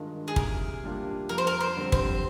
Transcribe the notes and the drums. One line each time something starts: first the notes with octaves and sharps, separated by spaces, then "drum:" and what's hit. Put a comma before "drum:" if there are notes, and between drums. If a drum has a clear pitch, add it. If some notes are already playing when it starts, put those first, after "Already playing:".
Already playing: G2 D#3 G#3 D4 F4
G#4
C3 A#4, drum: kick
G3 A#3 D4 F4
F2 A#4
C5
A#4
C5
D3 G3 C4
C5, drum: kick